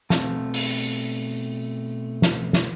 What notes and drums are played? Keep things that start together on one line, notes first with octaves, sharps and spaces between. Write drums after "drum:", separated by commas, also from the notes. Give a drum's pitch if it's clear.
B2 A3 C4 F5 A5, drum: snare
drum: open hi-hat
drum: snare
drum: snare